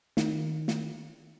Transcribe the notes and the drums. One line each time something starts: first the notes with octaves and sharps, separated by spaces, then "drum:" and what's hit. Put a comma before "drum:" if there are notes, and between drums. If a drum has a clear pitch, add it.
D#3, drum: snare
drum: snare